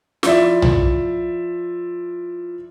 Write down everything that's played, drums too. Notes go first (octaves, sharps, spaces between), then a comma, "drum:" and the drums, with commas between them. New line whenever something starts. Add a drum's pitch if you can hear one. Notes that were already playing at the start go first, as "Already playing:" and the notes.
F3 E4 F4 D5 E5, drum: snare
drum: tom